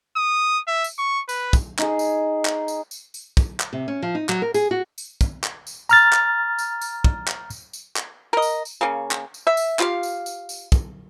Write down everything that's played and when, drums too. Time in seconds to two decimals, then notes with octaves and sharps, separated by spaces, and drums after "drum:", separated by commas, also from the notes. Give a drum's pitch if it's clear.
0.17 D#6
0.68 E5
0.84 drum: tambourine
0.99 C#6
1.29 B4, drum: tambourine
1.53 drum: kick, tambourine
1.79 D#4 G#4, drum: clap
1.99 drum: tambourine
2.45 drum: clap
2.68 drum: tambourine
2.91 drum: tambourine
3.14 drum: tambourine
3.37 drum: kick, tambourine
3.60 drum: clap
3.73 C3
3.88 C#4
4.02 F3
4.15 D#4
4.29 F#3, drum: clap
4.42 A#4
4.54 G#4, drum: tambourine
4.71 F#4
4.98 drum: tambourine
5.21 drum: kick, tambourine
5.44 drum: clap
5.67 drum: tambourine
5.89 A#5 F6 A6, drum: tambourine
6.13 drum: clap
6.59 drum: tambourine
6.82 drum: tambourine
7.04 drum: kick
7.27 drum: clap
7.50 drum: tambourine
7.73 drum: tambourine
7.96 drum: clap
8.33 A#4 D#5
8.42 drum: tambourine
8.65 drum: tambourine
8.81 C#3 A#3 C#4
9.11 drum: clap
9.34 drum: tambourine
9.47 E5
9.57 drum: tambourine
9.79 F4 G4 F5, drum: clap
10.03 drum: tambourine
10.26 drum: tambourine
10.49 drum: tambourine
10.72 drum: kick, tambourine